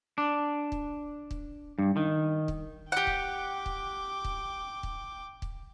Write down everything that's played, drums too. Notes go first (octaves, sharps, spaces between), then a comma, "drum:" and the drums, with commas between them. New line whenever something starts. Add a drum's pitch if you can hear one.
D4
drum: kick
drum: kick
G2
D#3
drum: kick
G4 F#5 G5 D6
drum: kick
drum: kick
drum: kick
drum: kick
drum: kick